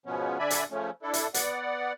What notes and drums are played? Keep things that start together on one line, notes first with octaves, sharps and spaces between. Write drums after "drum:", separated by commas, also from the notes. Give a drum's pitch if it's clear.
G#2 B2 F3 B3 C#4
D3 D4 D5 E5 G#5 B5
drum: hi-hat
C#3 F3 A3 C#4
D4 E4 A4
drum: hi-hat
B3 D5 F#5, drum: hi-hat